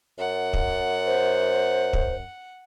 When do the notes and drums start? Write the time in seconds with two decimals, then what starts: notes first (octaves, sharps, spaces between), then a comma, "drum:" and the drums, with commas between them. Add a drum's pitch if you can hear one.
0.18 F#2 F#5
0.53 drum: kick
1.06 C5
1.93 drum: kick